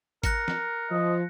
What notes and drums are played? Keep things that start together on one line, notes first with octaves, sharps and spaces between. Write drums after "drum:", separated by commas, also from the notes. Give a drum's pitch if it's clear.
A#4 F#6 A#6 C#7, drum: kick G#1, hi-hat
drum: snare
F3 D#5